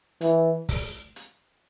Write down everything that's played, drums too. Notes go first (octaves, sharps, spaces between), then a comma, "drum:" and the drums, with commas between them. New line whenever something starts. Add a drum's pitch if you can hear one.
E3, drum: hi-hat
drum: kick, open hi-hat
drum: hi-hat